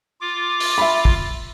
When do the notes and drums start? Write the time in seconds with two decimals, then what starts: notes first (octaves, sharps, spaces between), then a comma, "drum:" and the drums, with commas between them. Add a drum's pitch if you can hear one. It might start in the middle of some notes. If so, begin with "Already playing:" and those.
0.21 F4 D6
0.60 drum: open hi-hat
0.78 E5 B5
1.05 drum: kick